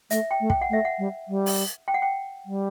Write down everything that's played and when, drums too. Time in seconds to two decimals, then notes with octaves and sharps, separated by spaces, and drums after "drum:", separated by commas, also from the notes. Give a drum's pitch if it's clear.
0.10 A3 E5, drum: hi-hat
0.31 G5
0.40 A3
0.50 G5, drum: kick
0.61 F#5
0.70 A3 E5
0.85 F#5
0.98 G3
1.28 G3
1.46 drum: open hi-hat
1.88 G5
1.94 F#5
2.02 G5
2.45 G3